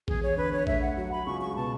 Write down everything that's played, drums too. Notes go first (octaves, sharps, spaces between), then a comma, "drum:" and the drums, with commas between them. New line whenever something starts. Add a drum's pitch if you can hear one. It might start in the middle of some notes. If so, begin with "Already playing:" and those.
E2 G#4, drum: kick A#1
C#5
D3 B4
C#5
A3 E5, drum: kick A#1
F#5
F#3 F#5
B5
C#2 C#6
C#6
B2 A5